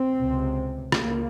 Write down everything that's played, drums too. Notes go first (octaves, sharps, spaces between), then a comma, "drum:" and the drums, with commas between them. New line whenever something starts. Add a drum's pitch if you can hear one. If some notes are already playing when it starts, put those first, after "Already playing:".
Already playing: C4
C#2 C3
C#2 C#3 A#3, drum: rim click